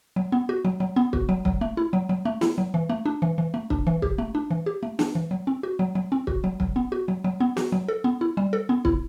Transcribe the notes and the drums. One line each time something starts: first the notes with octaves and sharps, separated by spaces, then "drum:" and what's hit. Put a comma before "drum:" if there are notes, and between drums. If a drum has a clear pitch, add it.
F#3
B3
F#4
F#3
F#3
B3
F#4, drum: kick
F#3
F#3, drum: kick
A3
E4
F#3
F#3
A3
E4, drum: snare
F#3
E3
A3
D4
E3
E3
A3
D4, drum: kick
E3
G4, drum: kick
A3
D4
E3
G4
A3
D4, drum: snare
E3
F#3
C4
F#4
F#3
F#3
C4
F#4, drum: kick
F#3
F#3, drum: kick
B3
F#4
F#3
F#3
B3
F#4, drum: snare
F#3
A4
B3
E4
G3
A4
B3
E4, drum: kick